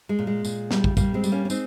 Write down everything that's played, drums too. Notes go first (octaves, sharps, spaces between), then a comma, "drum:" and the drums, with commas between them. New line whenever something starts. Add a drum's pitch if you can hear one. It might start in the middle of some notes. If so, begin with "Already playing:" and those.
G#3
A#2
G#3
A#2, drum: tambourine
G3, drum: snare
drum: kick
G3 A#3, drum: kick, tambourine
G#3 C4
G3, drum: tambourine
A#3 C#4
C#4
G#3 C4 D#4, drum: tambourine